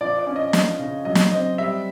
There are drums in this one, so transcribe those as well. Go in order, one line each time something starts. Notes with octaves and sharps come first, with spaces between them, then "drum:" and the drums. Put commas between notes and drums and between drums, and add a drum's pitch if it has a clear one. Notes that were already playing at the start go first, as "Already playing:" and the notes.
F3 D5
D5
C#4
D#5
F3 D#5, drum: snare
C#3
F#3 D#5
drum: snare
C4 D#5
G3 E5